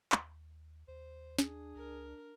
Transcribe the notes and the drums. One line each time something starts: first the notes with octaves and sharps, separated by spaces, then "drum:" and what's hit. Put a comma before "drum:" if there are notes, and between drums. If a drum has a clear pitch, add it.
D#2, drum: clap
D#2 C5
D4 G#4, drum: snare
C#2 A#4